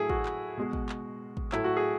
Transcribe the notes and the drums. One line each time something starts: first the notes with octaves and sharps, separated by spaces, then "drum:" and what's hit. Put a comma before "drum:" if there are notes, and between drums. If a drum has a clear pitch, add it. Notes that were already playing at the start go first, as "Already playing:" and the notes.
Already playing: A2 F#3 A3 E4 G#4
F#4, drum: kick
drum: clap
B2 G#3
drum: kick
drum: clap
drum: kick
A2 F#3 A3 E4, drum: clap
F#4
G#4